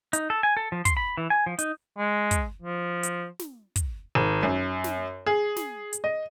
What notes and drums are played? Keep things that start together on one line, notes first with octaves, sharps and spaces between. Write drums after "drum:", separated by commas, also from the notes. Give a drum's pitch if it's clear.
D#4, drum: hi-hat
A4
G#5
A4
F3
C6, drum: kick, hi-hat
B5
E3
G#5
F3
D#4, drum: hi-hat
G#3
drum: kick, hi-hat
F3
drum: hi-hat
drum: snare
drum: kick, hi-hat
G#1
F#2
drum: snare
G#4
drum: snare
drum: hi-hat
D#5